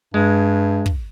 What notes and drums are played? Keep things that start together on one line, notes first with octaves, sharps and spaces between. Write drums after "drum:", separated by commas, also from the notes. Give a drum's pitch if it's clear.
G2 G#3
drum: kick